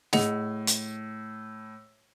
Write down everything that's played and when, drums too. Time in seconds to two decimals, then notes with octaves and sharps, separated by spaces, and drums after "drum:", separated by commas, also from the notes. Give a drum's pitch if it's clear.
0.13 A2 G#4 D#5 F#5, drum: snare
0.67 drum: hi-hat